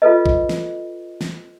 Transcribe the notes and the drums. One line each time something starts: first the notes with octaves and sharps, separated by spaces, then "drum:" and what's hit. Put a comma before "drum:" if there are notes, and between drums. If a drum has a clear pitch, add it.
F4 A4 B4 D#5
drum: kick A1
drum: snare
drum: snare